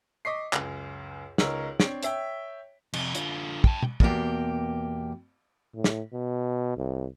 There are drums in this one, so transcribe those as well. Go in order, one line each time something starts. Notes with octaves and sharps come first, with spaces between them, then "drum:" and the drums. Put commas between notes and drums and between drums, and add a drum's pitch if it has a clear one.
D#5 C#6 D6 B6 C7
C#2 F#2, drum: clap
C#2 D#4 A#4 C#5 E6 F#7, drum: snare
C4 D4 C#5 D7, drum: snare
C#5 E5 G5, drum: hi-hat
F2 C3, drum: cymbal
D3 F4, drum: hi-hat
G5 A5, drum: kick
drum: tom
E2 B2 A#3 G4, drum: kick
A2
drum: snare
B2
C2